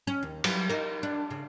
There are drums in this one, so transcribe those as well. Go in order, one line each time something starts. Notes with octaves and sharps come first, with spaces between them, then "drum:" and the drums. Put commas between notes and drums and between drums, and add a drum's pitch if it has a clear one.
C#4
D#2
F#3 B4, drum: cymbal
D#4 A#4
D4
C#3